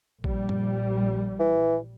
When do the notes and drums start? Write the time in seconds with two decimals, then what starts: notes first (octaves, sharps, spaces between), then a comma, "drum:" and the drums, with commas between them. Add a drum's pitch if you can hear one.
0.24 A#1 G3, drum: kick A1
0.49 drum: tom F#2
1.40 E3